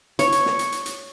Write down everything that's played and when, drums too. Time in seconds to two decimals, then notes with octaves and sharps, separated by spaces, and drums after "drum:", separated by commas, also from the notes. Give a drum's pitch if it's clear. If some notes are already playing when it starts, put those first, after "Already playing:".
0.19 C#5, drum: hi-hat
0.32 drum: hi-hat
0.46 drum: snare
0.59 drum: hi-hat
0.72 drum: hi-hat
0.86 drum: hi-hat